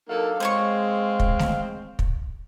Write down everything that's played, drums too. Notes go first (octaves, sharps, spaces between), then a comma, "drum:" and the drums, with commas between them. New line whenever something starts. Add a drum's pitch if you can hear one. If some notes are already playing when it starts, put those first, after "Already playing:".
F#3 A#3 D4 D#4 A4 F5
G#3 C4 C5 C#5 C#6
drum: kick
drum: snare A3
drum: kick